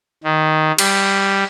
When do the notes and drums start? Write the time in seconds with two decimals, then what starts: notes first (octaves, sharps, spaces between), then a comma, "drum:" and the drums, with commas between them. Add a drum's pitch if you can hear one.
0.24 D#3
0.78 G3, drum: cymbal